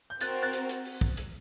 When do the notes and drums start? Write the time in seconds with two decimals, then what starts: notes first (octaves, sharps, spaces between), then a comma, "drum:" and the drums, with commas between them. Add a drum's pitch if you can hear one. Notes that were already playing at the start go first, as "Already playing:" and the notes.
0.10 G6
0.21 C4 F#4 A#4 F#6 A6, drum: hi-hat
0.42 F#6 A6
0.53 drum: hi-hat
0.69 drum: hi-hat
0.85 drum: open hi-hat
1.01 drum: kick
1.17 drum: hi-hat